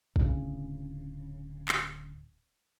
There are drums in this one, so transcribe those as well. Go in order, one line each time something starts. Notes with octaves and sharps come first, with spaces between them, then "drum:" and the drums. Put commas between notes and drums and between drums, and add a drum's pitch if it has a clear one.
D1 C#3, drum: kick
drum: clap